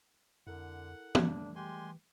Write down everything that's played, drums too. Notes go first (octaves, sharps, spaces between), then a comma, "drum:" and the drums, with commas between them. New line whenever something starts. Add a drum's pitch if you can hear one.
F2 D3 E4 A4 A#4 F#5
E3 G3 A3 D4, drum: tom
G#3 G4 G#5 C6